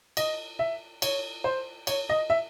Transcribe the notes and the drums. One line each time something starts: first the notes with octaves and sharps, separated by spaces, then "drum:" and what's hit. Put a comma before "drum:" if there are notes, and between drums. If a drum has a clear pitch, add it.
D#5, drum: cymbal
E5
C#5, drum: cymbal
C5
C#5, drum: cymbal
D#5
E5